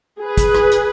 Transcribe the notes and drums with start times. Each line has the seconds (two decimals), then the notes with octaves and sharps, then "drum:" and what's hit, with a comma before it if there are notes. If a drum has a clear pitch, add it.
0.20 G#4 B4
0.37 drum: kick, hi-hat
0.55 drum: rim click
0.72 drum: hi-hat